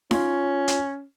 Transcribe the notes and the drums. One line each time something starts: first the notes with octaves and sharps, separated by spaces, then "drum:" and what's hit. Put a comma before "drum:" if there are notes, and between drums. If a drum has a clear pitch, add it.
C#4 F4 C#5, drum: snare D#4
drum: hi-hat